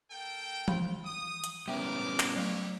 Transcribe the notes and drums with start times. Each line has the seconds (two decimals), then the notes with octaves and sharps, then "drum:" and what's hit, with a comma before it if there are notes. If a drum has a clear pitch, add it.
0.11 A#3 A4 G5
0.68 E3 F5 B5, drum: tom F3
1.05 D#6
1.44 drum: hi-hat
1.68 G3 B3 C#4 A#4 E5 G5 D6
2.20 drum: clap
2.36 F#3 A3 E4 G4 C#5